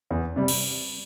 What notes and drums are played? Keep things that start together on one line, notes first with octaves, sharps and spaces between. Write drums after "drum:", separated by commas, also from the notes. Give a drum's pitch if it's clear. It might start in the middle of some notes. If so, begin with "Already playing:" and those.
E2
C3 G3
drum: cymbal